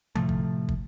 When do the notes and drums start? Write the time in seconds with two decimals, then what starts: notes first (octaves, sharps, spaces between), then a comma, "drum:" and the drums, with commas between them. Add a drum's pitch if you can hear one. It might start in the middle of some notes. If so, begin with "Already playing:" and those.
0.15 A2 C3 F3 A3, drum: tom D3
0.29 drum: kick
0.69 drum: kick